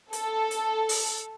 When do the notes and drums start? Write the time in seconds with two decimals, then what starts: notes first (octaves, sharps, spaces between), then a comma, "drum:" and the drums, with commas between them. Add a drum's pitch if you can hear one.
0.13 A4, drum: hi-hat
0.51 drum: hi-hat
0.89 drum: open hi-hat